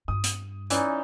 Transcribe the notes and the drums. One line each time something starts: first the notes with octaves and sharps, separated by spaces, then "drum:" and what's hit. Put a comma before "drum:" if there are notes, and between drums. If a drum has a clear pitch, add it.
G2 D#6
drum: hi-hat
E3 C#4 D#4 D5, drum: hi-hat